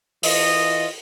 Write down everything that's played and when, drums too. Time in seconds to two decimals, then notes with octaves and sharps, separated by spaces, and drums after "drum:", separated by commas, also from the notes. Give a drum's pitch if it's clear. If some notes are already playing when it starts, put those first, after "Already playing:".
0.23 E3 F4 D#5, drum: open hi-hat